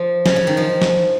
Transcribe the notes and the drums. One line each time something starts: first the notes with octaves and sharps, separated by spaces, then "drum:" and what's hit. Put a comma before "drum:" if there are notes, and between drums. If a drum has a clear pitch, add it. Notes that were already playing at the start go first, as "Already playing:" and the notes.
Already playing: F3
C#3, drum: snare
C#3
D#3
F3
drum: snare